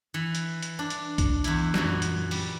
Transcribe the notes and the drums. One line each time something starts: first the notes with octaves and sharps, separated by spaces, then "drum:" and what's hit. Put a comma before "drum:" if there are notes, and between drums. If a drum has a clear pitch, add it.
E3
drum: hi-hat
drum: hi-hat
D4
drum: hi-hat
drum: kick B1, hi-hat
E2 E4, drum: hi-hat
F#2 A#2 E3 F#4, drum: snare
drum: hi-hat
G3, drum: open hi-hat